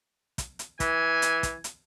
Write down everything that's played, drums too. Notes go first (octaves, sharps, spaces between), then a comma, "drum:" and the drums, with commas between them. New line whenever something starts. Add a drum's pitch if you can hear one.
drum: kick, hi-hat
drum: hi-hat
E3 G#5, drum: kick, hi-hat
drum: hi-hat
drum: kick, hi-hat
drum: hi-hat